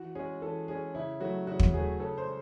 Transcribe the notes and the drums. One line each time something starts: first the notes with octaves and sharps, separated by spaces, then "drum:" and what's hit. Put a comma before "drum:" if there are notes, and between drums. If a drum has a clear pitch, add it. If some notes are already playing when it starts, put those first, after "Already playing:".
Already playing: E3 F#4
G#3 C#4 G#4
E3 A4
G#3 C#4 G#4
C#3 E4
F#3 A3 F#4
C#3 F#4
drum: kick
F#3 A3 G#4
C#3 A4
C5
G#3